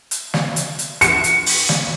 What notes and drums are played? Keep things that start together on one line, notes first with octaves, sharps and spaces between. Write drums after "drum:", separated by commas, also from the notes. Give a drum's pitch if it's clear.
drum: hi-hat
drum: snare
drum: hi-hat
drum: hi-hat
C#7, drum: hi-hat
drum: hi-hat
drum: open hi-hat
drum: snare